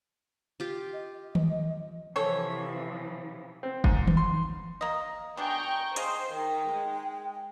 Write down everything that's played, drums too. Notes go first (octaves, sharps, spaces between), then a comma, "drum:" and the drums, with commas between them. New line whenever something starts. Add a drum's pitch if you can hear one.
F4 G4
D#5
drum: tom D#3
C3 E3 F3 A4 C#5
C4
G#2, drum: kick
drum: tom D#3
C6
A#3 D#5
B2 D4 G#4 G5 A#5 C#6
G#4 C5 D#5 F5, drum: hi-hat
D#3 D#4 G5
G#3